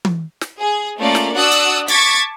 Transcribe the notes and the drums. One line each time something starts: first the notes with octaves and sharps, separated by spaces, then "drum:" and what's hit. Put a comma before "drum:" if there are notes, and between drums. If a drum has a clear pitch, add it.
drum: tom E3
drum: snare
G#4
A3 A#3 C#4 F4 D5
drum: snare
D4 F#4 D5 D#6 E6 F#6
drum: hi-hat
A5 C#6 D6 G#6 A6 B6, drum: hi-hat